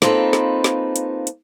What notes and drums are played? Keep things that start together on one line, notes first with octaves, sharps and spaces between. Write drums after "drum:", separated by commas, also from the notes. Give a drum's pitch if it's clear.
A#3 C4 D#4 F4 A4 B4, drum: snare
drum: snare
drum: snare
drum: hi-hat
drum: hi-hat